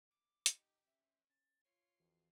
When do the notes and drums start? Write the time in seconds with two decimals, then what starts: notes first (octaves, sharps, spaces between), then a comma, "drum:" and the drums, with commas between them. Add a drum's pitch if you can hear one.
0.11 D6
0.46 D#4 G4, drum: hi-hat
0.87 C#4 E5
1.30 A6
1.65 F4 C#5 C7
2.00 A1 F2 E3 F#4